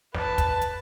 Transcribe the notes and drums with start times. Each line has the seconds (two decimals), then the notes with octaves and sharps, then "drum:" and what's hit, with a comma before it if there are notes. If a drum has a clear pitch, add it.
0.15 B4 A5, drum: snare
0.38 drum: kick, hi-hat
0.61 drum: hi-hat